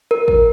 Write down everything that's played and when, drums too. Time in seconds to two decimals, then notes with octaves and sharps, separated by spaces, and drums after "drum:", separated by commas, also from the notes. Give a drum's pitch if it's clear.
0.11 A#4
0.28 drum: kick A1